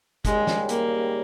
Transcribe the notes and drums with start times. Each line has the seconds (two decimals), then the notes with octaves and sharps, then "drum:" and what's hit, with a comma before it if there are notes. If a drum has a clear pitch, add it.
0.25 D#2 C#3 G3 G#3, drum: kick, hi-hat
0.47 drum: snare
0.69 A#3, drum: hi-hat